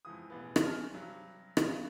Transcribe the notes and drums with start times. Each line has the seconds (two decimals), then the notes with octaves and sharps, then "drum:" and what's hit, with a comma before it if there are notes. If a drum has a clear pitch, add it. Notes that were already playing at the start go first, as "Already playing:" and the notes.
0.05 F2 G#2 C#3 E3 D#6
0.30 E1 A1 E3 B3
0.56 drum: rim click
0.66 G#5 A5 F6
0.94 G2 C3 F#3
1.57 G#1 G2, drum: rim click